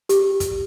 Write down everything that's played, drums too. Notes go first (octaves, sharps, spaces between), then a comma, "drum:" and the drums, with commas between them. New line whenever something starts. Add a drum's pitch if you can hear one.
G4, drum: hi-hat
drum: kick, hi-hat